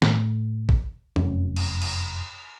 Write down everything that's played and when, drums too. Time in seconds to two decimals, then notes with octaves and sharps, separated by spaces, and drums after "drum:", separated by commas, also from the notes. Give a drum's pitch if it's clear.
0.02 A2, drum: snare
0.69 drum: kick
1.16 F1 F#2 C#4, drum: tom E3
1.56 drum: cymbal
1.82 drum: cymbal